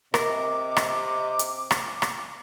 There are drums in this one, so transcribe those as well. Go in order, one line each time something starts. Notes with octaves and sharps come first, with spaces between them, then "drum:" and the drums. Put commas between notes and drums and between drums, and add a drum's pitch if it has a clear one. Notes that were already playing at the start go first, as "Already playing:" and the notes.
C3 A#4 D#5 D6, drum: rim click
drum: rim click
drum: hi-hat
drum: rim click
drum: rim click